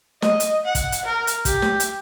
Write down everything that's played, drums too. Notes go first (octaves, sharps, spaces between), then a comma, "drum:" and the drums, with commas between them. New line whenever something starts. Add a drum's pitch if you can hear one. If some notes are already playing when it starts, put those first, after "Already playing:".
D#5, drum: snare
drum: hi-hat
F#5
drum: kick, hi-hat
drum: hi-hat
A#4
drum: hi-hat
G4, drum: kick, hi-hat
drum: snare
drum: hi-hat